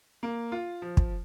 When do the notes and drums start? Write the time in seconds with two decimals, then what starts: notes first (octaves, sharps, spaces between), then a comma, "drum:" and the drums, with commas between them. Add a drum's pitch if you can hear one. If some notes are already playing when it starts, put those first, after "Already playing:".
0.23 A#3
0.52 F4
0.82 F3
0.97 drum: kick